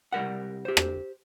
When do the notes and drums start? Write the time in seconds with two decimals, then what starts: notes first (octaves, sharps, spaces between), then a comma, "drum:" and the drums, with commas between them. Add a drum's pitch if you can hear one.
0.12 C2 G3 A#4 F#5
0.65 G4 C5
0.77 drum: rim click